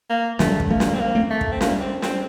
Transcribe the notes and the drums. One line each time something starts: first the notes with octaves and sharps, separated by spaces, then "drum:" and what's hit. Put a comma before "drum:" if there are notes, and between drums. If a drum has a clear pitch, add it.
A#3
D#3 F#3 A3, drum: snare
drum: kick
F3 A3 A#3
drum: snare
C4
A#3
A3 C4
A3
drum: kick
C4
A#3, drum: snare
C4
C4, drum: snare